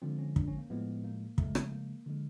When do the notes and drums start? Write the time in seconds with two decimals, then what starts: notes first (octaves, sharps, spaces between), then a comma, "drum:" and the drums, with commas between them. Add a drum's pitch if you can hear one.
0.02 D3 F3 G#3 C4
0.19 C#4
0.36 D4, drum: kick
0.48 C#4
0.58 A#3
0.70 A2 F3 G#3 B3
1.04 A#3
1.38 C#3 F3 G#3 A3, drum: kick
1.55 drum: rim click
1.72 A#3
2.06 D3 F3 G#3